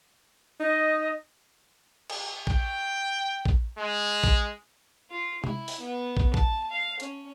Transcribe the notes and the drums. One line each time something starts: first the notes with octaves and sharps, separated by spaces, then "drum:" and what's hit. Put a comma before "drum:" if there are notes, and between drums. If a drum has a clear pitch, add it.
D#4 D#5
drum: cymbal
G5, drum: kick
drum: kick
G#3
drum: kick
F4
E4, drum: tom C3
drum: open hi-hat
B3
drum: kick
A5, drum: kick
F5
C#4, drum: hi-hat